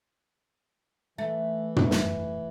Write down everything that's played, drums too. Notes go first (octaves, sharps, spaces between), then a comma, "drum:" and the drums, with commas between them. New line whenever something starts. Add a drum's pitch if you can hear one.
E3 A3
drum: tom
drum: snare